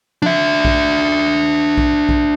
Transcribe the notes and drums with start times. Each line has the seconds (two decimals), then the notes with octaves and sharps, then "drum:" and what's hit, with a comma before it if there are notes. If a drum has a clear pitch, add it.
0.22 D4 E5, drum: tom F3
0.65 drum: kick A#1
1.78 drum: kick A#1
2.09 drum: kick A#1